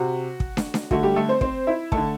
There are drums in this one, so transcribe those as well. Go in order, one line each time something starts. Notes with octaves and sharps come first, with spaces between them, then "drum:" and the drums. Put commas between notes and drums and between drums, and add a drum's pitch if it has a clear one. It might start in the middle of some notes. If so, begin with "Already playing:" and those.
Already playing: C3 F#4
drum: kick
drum: snare
drum: snare
D3 A3 F#4, drum: kick
G3 G4
A3 A4
C4 C5
C4 C5, drum: kick
E4 E5
D3 A3 A4 A5, drum: kick